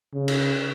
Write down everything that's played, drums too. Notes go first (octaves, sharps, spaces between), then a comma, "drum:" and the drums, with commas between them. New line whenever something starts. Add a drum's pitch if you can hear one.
C#3
drum: cymbal